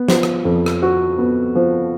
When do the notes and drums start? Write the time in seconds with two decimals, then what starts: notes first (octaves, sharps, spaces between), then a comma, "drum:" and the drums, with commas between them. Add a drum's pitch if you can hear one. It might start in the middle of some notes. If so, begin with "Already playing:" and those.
Already playing: B3
0.08 F3, drum: snare
0.23 drum: rim click
0.45 F2
0.66 drum: rim click
0.82 F#4
1.18 B3
1.55 F3